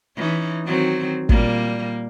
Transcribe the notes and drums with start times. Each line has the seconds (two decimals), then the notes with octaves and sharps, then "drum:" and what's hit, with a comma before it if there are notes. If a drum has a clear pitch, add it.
0.17 E3 C#4 D#4
0.65 D#3 F#3 C4
1.29 A#2 G3 A#3, drum: kick